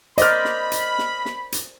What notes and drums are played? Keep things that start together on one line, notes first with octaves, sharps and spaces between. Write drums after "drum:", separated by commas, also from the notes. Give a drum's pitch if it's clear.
A#4 C5 D5 D#5 B5 F6, drum: hi-hat
drum: snare
drum: hi-hat
drum: snare
drum: snare
drum: hi-hat